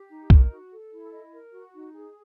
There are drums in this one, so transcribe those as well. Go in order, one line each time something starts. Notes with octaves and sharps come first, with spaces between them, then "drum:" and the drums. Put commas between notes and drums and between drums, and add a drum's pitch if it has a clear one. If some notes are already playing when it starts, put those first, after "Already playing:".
Already playing: G4
D#4
A#4, drum: kick
F#4
A4
E4
D#5
A#4
F#4
D#4
G#4